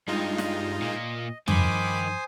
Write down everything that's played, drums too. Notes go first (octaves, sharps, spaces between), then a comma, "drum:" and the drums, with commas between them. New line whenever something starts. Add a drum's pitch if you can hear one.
G2 G#3 D#4 F4 D#5
drum: snare
A#2 A#3
G2 D#3 F3 C5 G#5 B5 D6 D#6, drum: tom